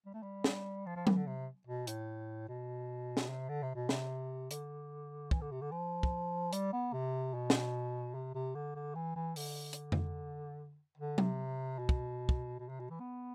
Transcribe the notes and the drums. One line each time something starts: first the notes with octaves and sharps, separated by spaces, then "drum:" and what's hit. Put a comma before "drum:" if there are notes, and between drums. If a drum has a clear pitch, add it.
G3
A3
G3
drum: snare
F3
F3
E3, drum: tom F#3
D3
C3
B2
A2, drum: hi-hat
B2
drum: snare
C3
D3
C3
B2
C3, drum: snare
D3, drum: hi-hat
E3, drum: kick
D3
C3
D3
F3
drum: kick
G3, drum: hi-hat
B3
C3
B2
drum: snare
C3
C3
D3
D3
E3
E3
D3, drum: open hi-hat
drum: hi-hat
drum: tom F2
D3
C3, drum: tom F#3
B2
drum: kick
drum: kick
B2
C3
B2
E3
B3